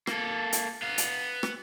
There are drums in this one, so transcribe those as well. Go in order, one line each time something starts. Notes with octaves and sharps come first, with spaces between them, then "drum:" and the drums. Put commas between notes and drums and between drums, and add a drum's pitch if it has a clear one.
A#3 A4, drum: rim click
drum: hi-hat
B3 F5
drum: hi-hat
drum: rim click